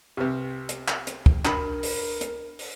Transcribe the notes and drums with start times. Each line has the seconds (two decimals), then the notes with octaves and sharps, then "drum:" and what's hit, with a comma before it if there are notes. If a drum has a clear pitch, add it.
0.17 C2 C3 G4 B4
0.69 drum: hi-hat
0.88 drum: clap
1.07 drum: hi-hat
1.26 drum: kick
1.45 D4 F#4 A#4 B5, drum: clap
1.83 drum: open hi-hat
2.21 drum: hi-hat
2.59 drum: open hi-hat